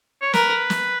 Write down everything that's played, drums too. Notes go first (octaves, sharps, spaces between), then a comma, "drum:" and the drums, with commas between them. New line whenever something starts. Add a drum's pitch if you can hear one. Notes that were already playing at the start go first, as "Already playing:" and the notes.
C#5
A#4 B4, drum: snare
drum: snare